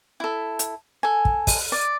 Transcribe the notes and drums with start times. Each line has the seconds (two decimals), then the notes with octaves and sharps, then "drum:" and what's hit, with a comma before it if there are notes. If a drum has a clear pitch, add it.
0.20 E4 A4
0.59 drum: hi-hat
1.03 A4 G#5
1.25 drum: kick
1.47 drum: kick, open hi-hat
1.72 D5